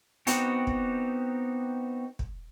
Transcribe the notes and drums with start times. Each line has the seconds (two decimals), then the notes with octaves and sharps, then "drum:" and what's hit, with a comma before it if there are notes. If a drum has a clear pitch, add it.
0.27 B3 C4 D#4 F#4 G4, drum: hi-hat
0.67 drum: kick
2.19 drum: kick